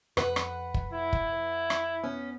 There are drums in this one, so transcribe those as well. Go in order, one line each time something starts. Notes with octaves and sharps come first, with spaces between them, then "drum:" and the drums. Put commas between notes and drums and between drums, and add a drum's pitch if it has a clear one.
F2 B4 F#5, drum: rim click
drum: rim click
drum: kick
E4
drum: kick
drum: rim click
B3 C#4